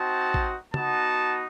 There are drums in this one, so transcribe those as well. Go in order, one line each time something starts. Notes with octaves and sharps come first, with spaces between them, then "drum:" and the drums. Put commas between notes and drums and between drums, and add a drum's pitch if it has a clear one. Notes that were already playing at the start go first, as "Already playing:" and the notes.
Already playing: C4 D#4 F#4 A5
drum: kick A1
B3 D#4 F#4 A5, drum: tom